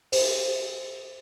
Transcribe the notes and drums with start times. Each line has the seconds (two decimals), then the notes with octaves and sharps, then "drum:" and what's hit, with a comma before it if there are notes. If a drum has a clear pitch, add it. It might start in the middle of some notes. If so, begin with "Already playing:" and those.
0.12 C5, drum: open hi-hat